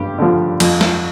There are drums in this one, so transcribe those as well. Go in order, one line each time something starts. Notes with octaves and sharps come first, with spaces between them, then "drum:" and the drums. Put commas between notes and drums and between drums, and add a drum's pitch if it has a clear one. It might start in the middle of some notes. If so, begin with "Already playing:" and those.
Already playing: G2 G4
D3 F3
F2, drum: cymbal
drum: snare